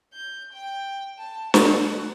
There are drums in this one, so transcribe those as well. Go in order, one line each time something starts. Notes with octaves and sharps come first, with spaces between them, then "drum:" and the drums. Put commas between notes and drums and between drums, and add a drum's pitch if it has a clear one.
G6
G5
A5
F#5, drum: snare